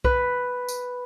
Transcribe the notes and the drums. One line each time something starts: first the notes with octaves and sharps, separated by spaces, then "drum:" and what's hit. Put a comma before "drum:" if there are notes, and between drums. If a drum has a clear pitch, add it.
B4, drum: kick B1
drum: tambourine